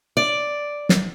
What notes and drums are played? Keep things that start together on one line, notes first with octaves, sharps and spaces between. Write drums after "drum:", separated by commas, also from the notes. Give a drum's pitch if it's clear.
D5
drum: snare